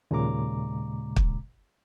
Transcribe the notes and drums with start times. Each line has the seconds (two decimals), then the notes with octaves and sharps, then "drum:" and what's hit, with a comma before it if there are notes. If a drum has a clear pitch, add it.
0.11 D#2 A#2 C#3 G#3 A#5 D6
1.16 drum: kick